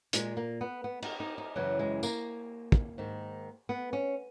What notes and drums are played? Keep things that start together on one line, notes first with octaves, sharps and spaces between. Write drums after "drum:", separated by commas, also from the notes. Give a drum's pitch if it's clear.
A#2 G#3, drum: hi-hat
A#3
B3
B3
D#4, drum: cymbal
D#4
D#4
F#2 C#3 E3 F#3
G#3
A#3, drum: tambourine
drum: kick
G#2 D#3
B3
C#4